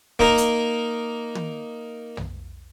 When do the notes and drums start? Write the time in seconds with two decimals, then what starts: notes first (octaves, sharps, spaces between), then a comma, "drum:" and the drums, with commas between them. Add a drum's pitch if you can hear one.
0.19 A#3 D#4 A#4, drum: kick
0.38 drum: hi-hat
1.35 drum: tom
2.17 drum: tom